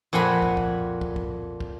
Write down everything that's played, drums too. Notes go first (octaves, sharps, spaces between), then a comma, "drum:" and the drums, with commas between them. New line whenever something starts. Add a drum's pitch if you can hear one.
F2 A#2 F#5 G#5 B5
drum: kick
drum: kick
drum: kick
drum: kick
drum: kick